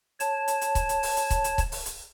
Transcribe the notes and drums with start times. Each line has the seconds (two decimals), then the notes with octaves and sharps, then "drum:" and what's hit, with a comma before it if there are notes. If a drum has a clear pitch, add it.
0.20 C#5 A5, drum: hi-hat
0.48 drum: hi-hat
0.61 drum: hi-hat
0.75 drum: kick C#1, hi-hat
0.89 drum: hi-hat
1.03 drum: open hi-hat
1.17 drum: hi-hat
1.30 drum: kick C#1, hi-hat
1.44 drum: hi-hat
1.58 drum: kick C#1, hi-hat
1.72 drum: open hi-hat
1.86 drum: hi-hat